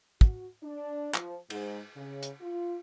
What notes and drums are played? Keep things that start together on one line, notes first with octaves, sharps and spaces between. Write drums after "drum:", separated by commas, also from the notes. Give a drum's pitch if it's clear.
F#4, drum: kick
D4
F3, drum: clap
G#2, drum: cymbal
C#3
drum: hi-hat
F4